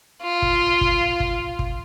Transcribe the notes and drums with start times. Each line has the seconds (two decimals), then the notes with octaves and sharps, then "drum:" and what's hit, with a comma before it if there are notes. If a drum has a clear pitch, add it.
0.23 F4
0.42 drum: kick
0.81 drum: kick
1.20 drum: kick
1.59 drum: kick